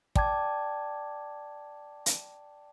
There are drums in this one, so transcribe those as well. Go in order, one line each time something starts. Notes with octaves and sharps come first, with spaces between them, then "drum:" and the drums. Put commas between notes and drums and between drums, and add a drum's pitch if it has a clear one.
D5 G5 A5 D6 G#6, drum: kick
drum: hi-hat